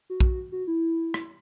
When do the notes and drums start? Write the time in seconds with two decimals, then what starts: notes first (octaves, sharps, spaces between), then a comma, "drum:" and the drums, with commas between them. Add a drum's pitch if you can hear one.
0.10 F#4
0.20 drum: kick
0.52 F#4
0.67 E4
1.14 drum: rim click